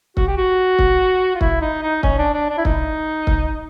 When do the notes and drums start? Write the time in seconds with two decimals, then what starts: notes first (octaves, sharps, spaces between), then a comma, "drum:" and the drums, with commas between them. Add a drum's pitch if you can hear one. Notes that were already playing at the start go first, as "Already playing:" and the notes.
0.17 F#4, drum: kick C#1
0.27 G4
0.37 F#4
0.79 drum: kick C#1
1.35 F4
1.41 E4, drum: kick C#1
1.61 D#4
1.83 D#4
2.03 C#4, drum: kick C#1
2.18 D4
2.34 D4
2.50 D4
2.58 E4
2.65 D#4, drum: kick C#1
3.27 drum: kick C#1